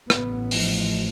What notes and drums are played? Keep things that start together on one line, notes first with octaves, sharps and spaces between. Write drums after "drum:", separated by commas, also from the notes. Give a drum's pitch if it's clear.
A1 A2 B3, drum: rim click
F3, drum: open hi-hat